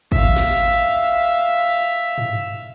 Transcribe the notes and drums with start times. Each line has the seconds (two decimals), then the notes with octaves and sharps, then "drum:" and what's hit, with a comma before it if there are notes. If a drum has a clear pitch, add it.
0.12 E5 F5, drum: kick
0.36 drum: snare
2.18 drum: tom G2